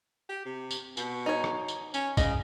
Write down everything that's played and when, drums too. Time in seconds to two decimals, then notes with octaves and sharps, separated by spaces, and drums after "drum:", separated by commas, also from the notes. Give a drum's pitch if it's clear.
0.29 G4
0.45 C3
0.71 drum: tambourine
0.97 B2, drum: tambourine
1.26 D#4 C#5
1.44 drum: rim click
1.68 drum: tambourine
1.94 C#4, drum: tambourine
2.17 C#3 D#5, drum: kick, tambourine